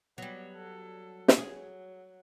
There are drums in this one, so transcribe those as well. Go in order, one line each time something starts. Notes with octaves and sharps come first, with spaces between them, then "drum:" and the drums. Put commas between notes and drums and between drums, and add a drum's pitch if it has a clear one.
F#3 G3 B3
A4
drum: snare
F#3 G#4